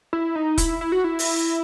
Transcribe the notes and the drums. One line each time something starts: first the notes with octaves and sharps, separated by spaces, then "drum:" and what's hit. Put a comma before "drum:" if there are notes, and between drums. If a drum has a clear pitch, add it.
E4
D#4
E4, drum: kick E1, hi-hat
E4
F#4
E4
drum: open hi-hat